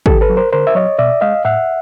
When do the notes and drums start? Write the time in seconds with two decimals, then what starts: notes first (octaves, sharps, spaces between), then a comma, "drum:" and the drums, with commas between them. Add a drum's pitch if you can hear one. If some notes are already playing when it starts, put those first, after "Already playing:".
0.06 D3 G4 A4, drum: kick
0.21 A4 B4
0.30 F#3
0.37 A#4 C5
0.53 D3 A#4 C5
0.67 E5
0.75 F#3 C#5 D#5
0.99 B2 D5 E5
1.21 G#3 D#5 F5
1.45 A2 E5 F#5